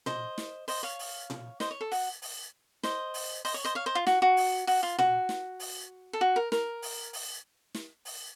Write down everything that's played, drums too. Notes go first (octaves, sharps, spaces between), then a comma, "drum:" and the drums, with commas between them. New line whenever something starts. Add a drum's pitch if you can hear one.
C5 D#5, drum: tom A#2
drum: snare
C5 D#5, drum: open hi-hat
C#5 F5
drum: open hi-hat
drum: tom A#2
C5 D#5, drum: snare
C#5
A4
F#4, drum: open hi-hat
drum: open hi-hat
C5 D#5, drum: snare
drum: open hi-hat
C5 D#5, drum: open hi-hat
C#5
C5 D#5
C#5 F5
C5 D#5
F4
F#4, drum: snare
F#4
drum: open hi-hat
F#4, drum: open hi-hat
F4
F#4, drum: tom A#2
drum: snare
drum: open hi-hat
A4
F#4
A#4
A#4, drum: snare
drum: open hi-hat
drum: open hi-hat
drum: snare
drum: open hi-hat